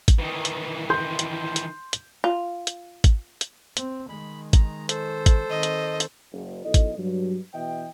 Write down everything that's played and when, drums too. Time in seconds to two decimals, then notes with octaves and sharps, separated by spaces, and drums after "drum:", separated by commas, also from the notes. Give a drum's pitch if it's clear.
0.08 drum: kick G#1, hi-hat
0.19 D#3 E3
0.45 drum: hi-hat
0.90 C6 G6
1.19 drum: hi-hat
1.56 drum: hi-hat
1.93 drum: hi-hat
2.24 F4
2.67 drum: hi-hat
3.04 drum: kick G#1, hi-hat
3.41 drum: hi-hat
3.77 C4, drum: hi-hat
4.09 D#3 G#3 B5
4.53 A#5, drum: kick G#1, hi-hat
4.89 A4 C5, drum: hi-hat
5.26 drum: kick G#1, hi-hat
5.50 D#3 C4 D#5
5.63 drum: hi-hat
6.00 drum: hi-hat
6.32 F#1
6.64 B1 E4 A4 D#5
6.74 drum: kick G#1, hi-hat
6.97 G2 F#3
7.53 B2 E3 D#5 E5 G5